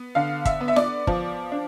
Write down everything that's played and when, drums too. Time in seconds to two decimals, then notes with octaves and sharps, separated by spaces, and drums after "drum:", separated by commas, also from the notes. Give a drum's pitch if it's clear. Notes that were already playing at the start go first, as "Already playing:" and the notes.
Already playing: B3
0.15 D3 F5
0.45 E5, drum: kick, hi-hat
0.61 B3
0.68 E5
0.76 D5, drum: snare
1.07 F3, drum: kick
1.52 D4